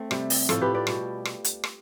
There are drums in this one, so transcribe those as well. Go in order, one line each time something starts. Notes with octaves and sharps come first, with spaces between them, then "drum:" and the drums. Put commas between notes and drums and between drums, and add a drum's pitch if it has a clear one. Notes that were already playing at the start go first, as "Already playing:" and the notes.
Already playing: A3 C4
C3 G3, drum: rim click
drum: open hi-hat
A2 F3 F4 A4, drum: rim click
G4 B4
B4 D5
B2 G3, drum: rim click
drum: rim click
drum: hi-hat
drum: rim click